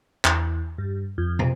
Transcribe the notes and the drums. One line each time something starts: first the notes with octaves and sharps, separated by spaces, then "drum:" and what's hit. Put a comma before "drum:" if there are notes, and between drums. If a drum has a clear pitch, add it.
E2, drum: clap
G2
F2
C3, drum: tom